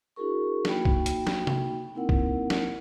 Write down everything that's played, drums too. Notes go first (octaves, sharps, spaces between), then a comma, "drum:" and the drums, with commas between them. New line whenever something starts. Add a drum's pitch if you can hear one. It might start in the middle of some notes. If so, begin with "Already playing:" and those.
D4 E4 F#4 G#4 A#4 C#6
A#3 D#4 F#4 G5 B5, drum: snare
drum: kick
drum: hi-hat
drum: snare
drum: tom C3
A#3 C4 D#4 E4 A#4 F#5
drum: kick
drum: snare